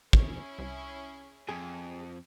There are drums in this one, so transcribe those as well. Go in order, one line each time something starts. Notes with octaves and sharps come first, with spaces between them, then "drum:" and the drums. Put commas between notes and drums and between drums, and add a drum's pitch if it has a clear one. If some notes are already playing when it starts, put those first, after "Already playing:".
C#4 E4 G#4, drum: kick
C2
F2 G#4